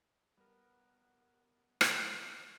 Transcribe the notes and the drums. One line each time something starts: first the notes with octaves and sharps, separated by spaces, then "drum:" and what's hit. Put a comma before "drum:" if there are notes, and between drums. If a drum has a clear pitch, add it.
G3 B3 A#4
drum: rim click